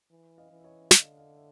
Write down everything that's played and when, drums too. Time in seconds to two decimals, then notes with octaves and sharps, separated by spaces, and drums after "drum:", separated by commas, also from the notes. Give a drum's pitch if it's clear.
0.11 E3
0.38 D#5 F5
0.51 E3
0.59 E5
0.64 C#5 D#5
0.91 D3 D#5 F5, drum: snare
1.17 D#5 F5
1.36 E5